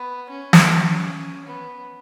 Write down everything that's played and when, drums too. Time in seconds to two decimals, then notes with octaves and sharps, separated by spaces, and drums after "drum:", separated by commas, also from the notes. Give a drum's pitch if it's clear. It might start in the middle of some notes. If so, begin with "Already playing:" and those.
Already playing: B3
0.30 C#4
0.53 drum: snare
0.69 C#4
1.46 B3